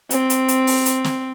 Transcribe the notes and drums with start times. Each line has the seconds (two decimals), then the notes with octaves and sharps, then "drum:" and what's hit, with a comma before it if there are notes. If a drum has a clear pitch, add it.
0.10 C4, drum: hi-hat
0.30 drum: hi-hat
0.48 drum: hi-hat
0.67 drum: open hi-hat
0.86 drum: hi-hat
1.04 drum: snare